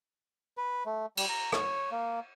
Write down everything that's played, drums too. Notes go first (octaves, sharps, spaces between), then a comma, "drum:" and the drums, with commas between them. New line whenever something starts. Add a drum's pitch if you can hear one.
B4
A3
G3, drum: cymbal
A#5
C#5, drum: rim click
A#3